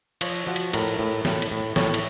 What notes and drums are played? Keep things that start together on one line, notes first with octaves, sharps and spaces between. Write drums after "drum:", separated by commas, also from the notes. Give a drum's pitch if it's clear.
F3 C#5, drum: cymbal
F3 F#4
drum: cymbal
A2 A#4, drum: cymbal
A2
A2, drum: snare
drum: cymbal
A2
A2 C#5, drum: snare
drum: cymbal